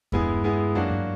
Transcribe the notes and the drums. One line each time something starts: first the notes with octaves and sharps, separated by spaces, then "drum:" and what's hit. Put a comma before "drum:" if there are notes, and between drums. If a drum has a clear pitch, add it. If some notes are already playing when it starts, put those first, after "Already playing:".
G2 G#3 B3 E4 G#4, drum: kick E2
G#3 B3 E4 G#4
F#2 F#3 A#3 D4 F#4
G2